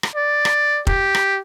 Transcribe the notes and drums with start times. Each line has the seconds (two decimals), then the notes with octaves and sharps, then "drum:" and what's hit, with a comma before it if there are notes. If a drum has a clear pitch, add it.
0.03 drum: rim click
0.15 D5
0.45 drum: rim click
0.87 G4, drum: kick F1
1.15 drum: rim click